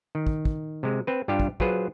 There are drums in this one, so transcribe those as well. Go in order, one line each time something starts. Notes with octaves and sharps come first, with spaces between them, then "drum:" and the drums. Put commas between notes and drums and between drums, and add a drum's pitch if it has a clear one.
D#3
drum: kick
drum: kick
C3 G#3
C4 B4
G2 G3 D4 F4 G4
drum: kick
F#3 F4 G#4 B4 C5, drum: kick